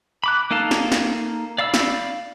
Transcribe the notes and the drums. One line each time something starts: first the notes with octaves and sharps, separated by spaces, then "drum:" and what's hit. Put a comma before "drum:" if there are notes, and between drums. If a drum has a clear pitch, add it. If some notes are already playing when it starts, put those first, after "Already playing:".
B5 D6 F#6
A#3 D#4 A4 F5 A5
drum: snare
drum: snare
D5 F5 B5 E6
drum: snare